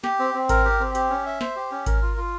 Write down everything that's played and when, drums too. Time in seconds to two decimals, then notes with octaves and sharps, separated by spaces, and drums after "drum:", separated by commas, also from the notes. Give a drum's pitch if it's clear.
0.04 G4, drum: snare
0.19 C4
0.34 C4
0.49 A#4, drum: kick G#1, hi-hat
0.65 G4
0.80 C4
0.95 G4, drum: hi-hat
1.10 C#4
1.26 E5
1.41 C5, drum: snare
1.56 G4
1.71 C#4
1.86 A#4, drum: kick G#1, hi-hat
2.02 F4
2.17 F4